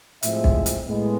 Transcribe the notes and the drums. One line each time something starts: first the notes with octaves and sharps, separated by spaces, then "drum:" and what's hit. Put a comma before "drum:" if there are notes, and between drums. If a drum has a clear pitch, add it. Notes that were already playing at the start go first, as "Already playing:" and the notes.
A2 F3 G#3 C4 E5, drum: hi-hat
drum: kick
drum: hi-hat
A2 G#3 B3